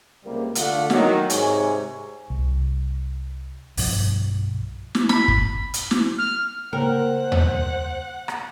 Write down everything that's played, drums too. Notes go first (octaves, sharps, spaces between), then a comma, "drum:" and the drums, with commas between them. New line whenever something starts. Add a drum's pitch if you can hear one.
C#2 C3 G3 A#3
D3 A3 D4 F4 F5 F#5, drum: hi-hat
D#3 F#3, drum: snare
G#2 C3 C#5 G#5, drum: hi-hat
C2
B1 G2 F3, drum: open hi-hat
drum: snare
B5, drum: snare
drum: kick
drum: hi-hat
drum: snare
F6
C#3 A#3 A#4 C5 F#5 G5
drum: tom D#2
drum: rim click